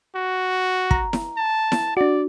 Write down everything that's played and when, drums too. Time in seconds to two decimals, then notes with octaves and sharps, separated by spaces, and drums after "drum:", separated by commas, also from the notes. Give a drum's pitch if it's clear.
0.15 F#4
0.91 A#5, drum: kick
1.13 drum: snare E4
1.37 A5
1.72 drum: snare E4
1.97 D4 F#4 D5